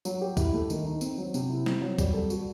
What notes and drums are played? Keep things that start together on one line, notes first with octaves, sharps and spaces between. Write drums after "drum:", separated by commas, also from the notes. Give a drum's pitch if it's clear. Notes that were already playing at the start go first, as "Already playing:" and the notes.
F#3, drum: tambourine
G4
E4, drum: kick, tambourine
A3
D#3, drum: tambourine
D#4
C4, drum: tambourine
F#3
C3, drum: tambourine
E4
C4, drum: snare
F#3
G3, drum: kick, tambourine
A4
F#4, drum: tambourine